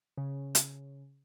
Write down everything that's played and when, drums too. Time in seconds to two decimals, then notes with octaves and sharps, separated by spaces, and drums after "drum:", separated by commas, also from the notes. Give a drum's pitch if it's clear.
0.17 C#3
0.55 drum: hi-hat